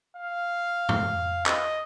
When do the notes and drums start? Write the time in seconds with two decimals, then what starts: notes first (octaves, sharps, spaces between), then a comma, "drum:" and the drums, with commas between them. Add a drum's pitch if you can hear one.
0.17 F5
0.89 drum: tom F2
1.46 D#5, drum: clap